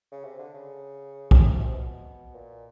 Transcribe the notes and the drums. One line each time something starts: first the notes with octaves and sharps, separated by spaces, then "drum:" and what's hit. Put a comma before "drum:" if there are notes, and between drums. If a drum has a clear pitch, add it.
C#3
C3
D3
C#3
drum: kick A#1
C3
C3
B2
A#2